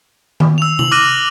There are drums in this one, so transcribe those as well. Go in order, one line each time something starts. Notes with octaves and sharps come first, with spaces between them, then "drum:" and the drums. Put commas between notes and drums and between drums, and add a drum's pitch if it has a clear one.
drum: tom D#3
E6 F7
F#7, drum: tom C3
D6 F6 F#6 A#6 D#7